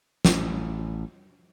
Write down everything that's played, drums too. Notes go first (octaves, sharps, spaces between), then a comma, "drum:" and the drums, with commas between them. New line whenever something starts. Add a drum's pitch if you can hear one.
A1, drum: snare